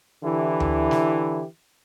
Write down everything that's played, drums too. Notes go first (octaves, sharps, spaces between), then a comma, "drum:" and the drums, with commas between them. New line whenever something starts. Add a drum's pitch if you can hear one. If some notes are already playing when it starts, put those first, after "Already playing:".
D3 E3 E4 G4
drum: tom D2
drum: snare